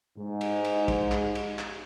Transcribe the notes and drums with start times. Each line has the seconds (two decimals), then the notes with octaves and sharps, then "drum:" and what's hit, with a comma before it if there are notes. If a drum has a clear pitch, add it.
0.17 G#2
0.41 drum: cymbal
0.64 drum: cymbal
0.88 drum: kick, cymbal
1.12 drum: clap
1.35 drum: cymbal
1.59 drum: clap